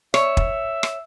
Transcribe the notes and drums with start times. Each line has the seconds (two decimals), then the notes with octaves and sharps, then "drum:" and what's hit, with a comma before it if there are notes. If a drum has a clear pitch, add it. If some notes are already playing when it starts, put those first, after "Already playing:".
0.14 C#5 E5, drum: rim click
0.37 drum: kick
0.83 drum: rim click